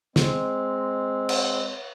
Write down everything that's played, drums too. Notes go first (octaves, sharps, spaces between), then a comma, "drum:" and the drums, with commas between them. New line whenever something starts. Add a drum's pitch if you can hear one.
G#3 C4, drum: snare
drum: cymbal